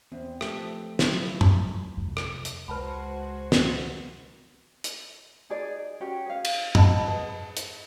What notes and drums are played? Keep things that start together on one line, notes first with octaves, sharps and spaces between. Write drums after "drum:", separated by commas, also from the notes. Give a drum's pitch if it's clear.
E2 C4
F3 A3 G4 A4 B4 E5, drum: rim click
E3 F#3 E4 F4, drum: snare
drum: tom
F2 C3
drum: rim click
drum: hi-hat
C#2 G#3 F#4 B4 C5 A5 B5
drum: snare
drum: hi-hat
D#4 G#4 D5
C#4 F#4 G4 C#5
G#4 F5
drum: cymbal
D#5 F#5 A5 B5, drum: tom
G#4 B4
drum: hi-hat